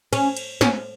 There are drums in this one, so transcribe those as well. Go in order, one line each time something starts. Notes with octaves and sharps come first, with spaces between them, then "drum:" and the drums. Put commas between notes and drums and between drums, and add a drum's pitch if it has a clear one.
C#4, drum: cymbal
drum: cymbal
C#4, drum: snare